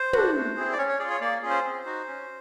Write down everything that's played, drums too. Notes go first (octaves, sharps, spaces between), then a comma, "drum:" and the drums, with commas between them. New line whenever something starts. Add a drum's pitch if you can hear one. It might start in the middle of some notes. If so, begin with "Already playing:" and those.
Already playing: C5
D4 F#4, drum: tom
A3
C4 E4 G#4
D5
C#4 C#5
C#5
F4 G#4 D5
C#5
A#3 D5
C#4 F4 G#4
C5
C4
D#4 F#4
C#4